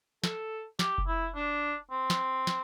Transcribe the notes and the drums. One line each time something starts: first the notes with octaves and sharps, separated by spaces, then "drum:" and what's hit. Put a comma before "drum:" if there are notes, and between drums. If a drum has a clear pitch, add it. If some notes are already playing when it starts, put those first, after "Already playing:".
A4, drum: snare
G4, drum: snare
drum: kick F#1
E4
D4
C4
drum: snare
drum: snare